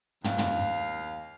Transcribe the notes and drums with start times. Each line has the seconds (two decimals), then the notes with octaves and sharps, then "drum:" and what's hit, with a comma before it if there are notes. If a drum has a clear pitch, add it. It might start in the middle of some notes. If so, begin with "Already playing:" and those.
0.24 D#2 F5, drum: tom
0.38 drum: tom